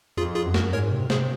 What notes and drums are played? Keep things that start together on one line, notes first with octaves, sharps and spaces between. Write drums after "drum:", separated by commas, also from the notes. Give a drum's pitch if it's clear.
F2 F4 G#4
F4 G#4
F#2
F#4 A#4, drum: snare
G#2 A#4 C#5
C3
C3 G#4 C5, drum: snare